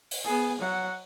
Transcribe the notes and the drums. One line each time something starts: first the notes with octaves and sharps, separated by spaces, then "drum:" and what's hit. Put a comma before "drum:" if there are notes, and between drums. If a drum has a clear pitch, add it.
drum: open hi-hat
B3 G#4
F#3 F#5